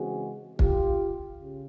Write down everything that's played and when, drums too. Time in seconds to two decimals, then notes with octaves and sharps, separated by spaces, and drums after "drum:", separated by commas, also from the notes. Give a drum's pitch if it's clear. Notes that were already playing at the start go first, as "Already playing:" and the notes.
Already playing: C#3 E3 G#3 C4 F#4 G#4
0.59 F4 G4, drum: kick
1.39 C#3